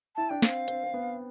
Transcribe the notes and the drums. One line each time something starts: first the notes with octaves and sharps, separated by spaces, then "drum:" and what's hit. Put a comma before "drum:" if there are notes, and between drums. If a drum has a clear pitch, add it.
E4 A5
D4 G5
C4 F5, drum: snare
C4, drum: hi-hat
C4
B3